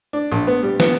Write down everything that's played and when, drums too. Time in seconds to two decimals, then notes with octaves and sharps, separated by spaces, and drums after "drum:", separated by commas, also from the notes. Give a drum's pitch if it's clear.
0.13 D4
0.32 A#1
0.47 B3
0.63 G3
0.80 B3, drum: snare